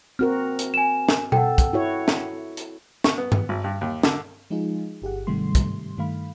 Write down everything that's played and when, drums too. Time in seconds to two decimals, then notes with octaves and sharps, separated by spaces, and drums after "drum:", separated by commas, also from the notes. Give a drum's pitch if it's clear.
0.19 C4 F#4 A#4 F6
0.59 drum: hi-hat
0.74 G#5 E7
1.09 drum: snare
1.32 A4 F#5 G5, drum: tom B2
1.58 drum: kick, hi-hat
1.73 E4 F#4 C#5
2.08 drum: snare
2.57 drum: hi-hat
3.04 C#6, drum: snare
3.18 B3
3.32 drum: tom G2
3.49 G#1
3.64 G2
3.81 D#2
4.03 D3, drum: snare
4.50 F3 G#3 D#4 F4 G#4
5.02 G1 G4 G#4 F#5
5.27 G#2 C3 D#3 G3 A3 C6
5.55 drum: kick, hi-hat
5.97 G2 D#3 A3 F5 B5